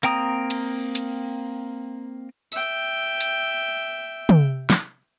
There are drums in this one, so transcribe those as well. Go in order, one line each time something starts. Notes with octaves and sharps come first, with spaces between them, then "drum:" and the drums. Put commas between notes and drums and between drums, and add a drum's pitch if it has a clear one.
A#3 C4 G5 A#5 D#6, drum: hi-hat
drum: cymbal
drum: hi-hat
E5 G5, drum: tambourine
drum: hi-hat
drum: tom
drum: snare